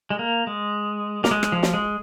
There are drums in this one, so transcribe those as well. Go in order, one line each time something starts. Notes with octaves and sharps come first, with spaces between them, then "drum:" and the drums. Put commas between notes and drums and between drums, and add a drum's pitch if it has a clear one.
G#3
A#3
G#3
A#3, drum: snare
G#3
drum: rim click
F3
drum: snare
G#3